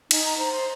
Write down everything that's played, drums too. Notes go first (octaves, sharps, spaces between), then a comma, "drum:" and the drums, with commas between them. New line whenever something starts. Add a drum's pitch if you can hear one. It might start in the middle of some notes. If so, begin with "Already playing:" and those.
D#4 G#5, drum: cymbal
A#5
C5 A#5
C6